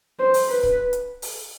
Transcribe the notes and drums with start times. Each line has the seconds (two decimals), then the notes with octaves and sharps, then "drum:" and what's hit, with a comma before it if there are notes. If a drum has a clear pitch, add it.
0.19 C5
0.34 drum: open hi-hat
0.49 B4
0.63 drum: kick
0.93 drum: hi-hat
1.22 drum: open hi-hat